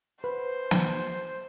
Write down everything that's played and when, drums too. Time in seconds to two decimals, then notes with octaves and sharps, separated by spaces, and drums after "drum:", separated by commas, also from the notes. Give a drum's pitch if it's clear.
0.24 B4 C5
0.71 drum: snare